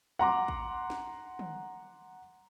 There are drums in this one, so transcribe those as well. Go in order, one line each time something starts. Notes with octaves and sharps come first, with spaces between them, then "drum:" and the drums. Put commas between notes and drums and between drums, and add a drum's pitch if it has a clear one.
F#5 A#5 C6 D6, drum: tom
drum: kick
drum: snare
drum: tom